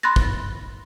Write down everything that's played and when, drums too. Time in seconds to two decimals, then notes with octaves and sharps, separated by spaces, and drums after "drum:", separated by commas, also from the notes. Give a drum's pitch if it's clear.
0.03 B5 C6 F#6 A6 A#6
0.16 drum: kick